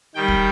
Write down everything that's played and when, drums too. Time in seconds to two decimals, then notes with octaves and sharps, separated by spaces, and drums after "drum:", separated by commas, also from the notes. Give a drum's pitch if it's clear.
0.15 D#3 G3 G5
0.28 drum: kick